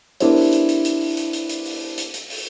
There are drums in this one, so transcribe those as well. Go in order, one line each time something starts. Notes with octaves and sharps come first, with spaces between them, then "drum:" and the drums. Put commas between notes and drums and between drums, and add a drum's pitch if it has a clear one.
B3 D4 E4 G4 A#4 C5, drum: hi-hat
drum: open hi-hat
drum: hi-hat
drum: hi-hat
drum: hi-hat
drum: open hi-hat
drum: hi-hat
drum: hi-hat
drum: hi-hat
drum: open hi-hat
drum: hi-hat
drum: hi-hat
drum: open hi-hat